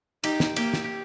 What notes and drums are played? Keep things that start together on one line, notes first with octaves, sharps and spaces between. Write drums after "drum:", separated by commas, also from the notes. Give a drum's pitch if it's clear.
D#4 G4, drum: cymbal
drum: snare
A#3 G4, drum: cymbal
drum: snare
G4